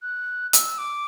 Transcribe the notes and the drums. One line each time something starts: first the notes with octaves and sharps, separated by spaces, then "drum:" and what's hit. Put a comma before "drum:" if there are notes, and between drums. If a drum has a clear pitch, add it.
F#6
E6, drum: hi-hat
D6